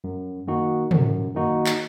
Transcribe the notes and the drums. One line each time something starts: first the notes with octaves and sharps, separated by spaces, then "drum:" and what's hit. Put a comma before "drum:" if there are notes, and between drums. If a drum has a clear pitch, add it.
F#2
D#3 A#3 D#4 F#4
F#2, drum: tom
D#3 A#3 D#4 F#4
drum: clap